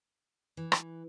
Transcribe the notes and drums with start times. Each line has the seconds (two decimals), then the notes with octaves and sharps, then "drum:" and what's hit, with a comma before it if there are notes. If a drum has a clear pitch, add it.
0.57 E3
0.72 drum: rim click